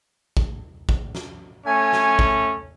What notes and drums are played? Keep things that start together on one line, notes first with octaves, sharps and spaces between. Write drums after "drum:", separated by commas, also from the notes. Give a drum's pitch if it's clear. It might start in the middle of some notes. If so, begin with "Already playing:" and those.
drum: kick
drum: kick
drum: snare
A3 C#4 G#5
drum: snare
drum: kick